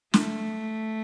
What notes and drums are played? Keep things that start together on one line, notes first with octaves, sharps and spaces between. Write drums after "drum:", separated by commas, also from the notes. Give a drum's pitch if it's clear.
A3, drum: snare